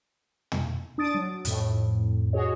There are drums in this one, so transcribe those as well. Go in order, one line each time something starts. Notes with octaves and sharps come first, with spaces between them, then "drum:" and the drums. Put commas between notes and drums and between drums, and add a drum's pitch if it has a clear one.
drum: tom
D4 D#6 A6 D7
F#3
F2 A2, drum: hi-hat
F#4 G#4 C#5 D#5